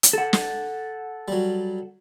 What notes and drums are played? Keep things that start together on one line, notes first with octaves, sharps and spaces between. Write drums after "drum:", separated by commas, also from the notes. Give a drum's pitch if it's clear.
drum: hi-hat
A4 F#5
drum: snare
F#3 G3